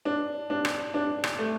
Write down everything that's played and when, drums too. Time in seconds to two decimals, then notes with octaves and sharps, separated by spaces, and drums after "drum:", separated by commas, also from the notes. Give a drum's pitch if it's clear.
0.05 D4
0.50 D4
0.65 drum: rim click
0.94 D4
1.24 drum: rim click
1.39 A3